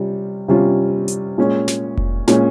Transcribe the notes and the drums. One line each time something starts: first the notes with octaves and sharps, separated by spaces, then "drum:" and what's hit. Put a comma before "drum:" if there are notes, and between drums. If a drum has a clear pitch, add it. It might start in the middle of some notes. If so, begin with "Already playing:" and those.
Already playing: C3 G3 C#4 F4
C3 G3 C#4 F4
drum: hi-hat
A#2 G#3 C#4
drum: snare
drum: kick F1
A#2 G#3 C#4, drum: snare